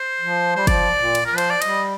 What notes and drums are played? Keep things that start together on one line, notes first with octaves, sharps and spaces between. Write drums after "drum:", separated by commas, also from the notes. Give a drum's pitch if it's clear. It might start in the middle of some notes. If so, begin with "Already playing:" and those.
Already playing: C5
F3
G3 C5
F3 D5, drum: kick, cymbal
A#2
drum: cymbal
A#4
F3
C5, drum: cymbal
D5
G3 D#5, drum: cymbal